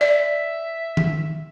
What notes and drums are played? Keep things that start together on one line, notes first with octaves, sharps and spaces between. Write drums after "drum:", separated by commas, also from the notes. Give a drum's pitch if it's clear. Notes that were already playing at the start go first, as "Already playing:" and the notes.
D5 E5
drum: tom D#3